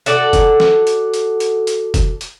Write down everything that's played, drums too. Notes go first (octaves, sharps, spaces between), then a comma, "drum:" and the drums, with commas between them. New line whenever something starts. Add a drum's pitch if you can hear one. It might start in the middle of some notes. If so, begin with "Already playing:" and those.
F#4 A4 D5, drum: hi-hat
drum: kick, hi-hat
drum: snare
drum: hi-hat
drum: hi-hat
drum: hi-hat
drum: hi-hat
drum: kick, hi-hat
drum: hi-hat